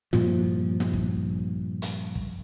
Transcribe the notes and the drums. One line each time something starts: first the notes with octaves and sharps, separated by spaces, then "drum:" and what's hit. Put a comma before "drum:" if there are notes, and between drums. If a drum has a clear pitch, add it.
G2 A#2 F3, drum: snare
drum: snare
drum: kick
drum: hi-hat
drum: kick